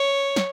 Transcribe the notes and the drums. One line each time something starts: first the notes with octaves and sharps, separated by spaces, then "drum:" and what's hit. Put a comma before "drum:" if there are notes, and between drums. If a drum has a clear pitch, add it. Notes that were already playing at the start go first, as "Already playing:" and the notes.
Already playing: C#5
drum: snare